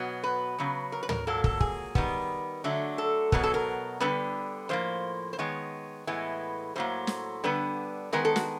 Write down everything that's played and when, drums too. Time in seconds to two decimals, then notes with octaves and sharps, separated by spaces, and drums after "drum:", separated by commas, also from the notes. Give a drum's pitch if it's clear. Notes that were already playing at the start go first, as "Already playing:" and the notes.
Already playing: B2 F#3 B3
0.23 B4
0.58 C#3 F#3 B3
0.92 A#4
1.03 B4
1.09 A#4, drum: tom
1.27 A#2 F#3 A#3 A4
1.44 A4, drum: kick
1.60 G#4, drum: kick
1.95 D#3 G3 B3, drum: kick
2.64 D3 F#3 A3
2.98 A4
3.32 B2 F#3 B3 A#4, drum: kick
3.43 A4
3.54 A#4
4.00 D3 G3 B3 B4
4.69 A2 F3 A#3 C5
5.33 C5
5.38 D#3 G#3 B3 C#5
6.07 A2 E3 G#3 B3
6.76 A2 F#3 A#3 C5
7.07 drum: snare
7.44 D3 G3 B3 B4
8.13 D#3 G#3 B3 A#4
8.25 A4
8.36 F#4, drum: snare